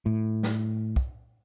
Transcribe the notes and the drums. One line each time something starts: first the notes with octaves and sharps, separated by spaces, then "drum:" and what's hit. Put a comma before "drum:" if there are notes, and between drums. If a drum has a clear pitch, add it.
A2
drum: snare
drum: kick